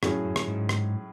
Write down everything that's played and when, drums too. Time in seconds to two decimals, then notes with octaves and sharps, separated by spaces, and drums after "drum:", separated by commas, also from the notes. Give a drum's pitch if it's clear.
0.03 F#2 A2 F#3 C#4 G#4, drum: rim click
0.25 F#2
0.36 drum: rim click
0.48 G#2
0.69 drum: rim click